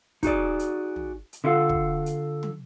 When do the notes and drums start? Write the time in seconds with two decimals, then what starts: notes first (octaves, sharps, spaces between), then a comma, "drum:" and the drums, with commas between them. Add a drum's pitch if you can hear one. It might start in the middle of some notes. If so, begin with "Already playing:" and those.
0.23 D#4 F#4 G#4 D5, drum: kick, hi-hat
0.59 drum: hi-hat
0.96 drum: tom
1.33 drum: hi-hat
1.44 D3 E4 F4 A4 F5 F#5
1.69 drum: kick
2.06 drum: hi-hat
2.43 drum: tom